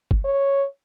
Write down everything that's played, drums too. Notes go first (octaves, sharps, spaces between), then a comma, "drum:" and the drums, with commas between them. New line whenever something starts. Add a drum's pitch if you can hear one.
drum: kick
C#5